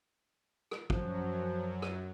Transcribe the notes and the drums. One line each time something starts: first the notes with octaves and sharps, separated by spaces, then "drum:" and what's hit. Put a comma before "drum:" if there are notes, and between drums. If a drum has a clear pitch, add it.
drum: rim click
F#2 F3 F#3, drum: kick
drum: rim click